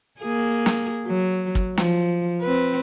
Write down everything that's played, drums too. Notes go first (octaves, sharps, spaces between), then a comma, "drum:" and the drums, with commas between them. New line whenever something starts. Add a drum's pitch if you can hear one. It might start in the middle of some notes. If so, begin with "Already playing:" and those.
A#3 G#4
drum: snare
F#3
drum: kick
F3, drum: snare
C4 B4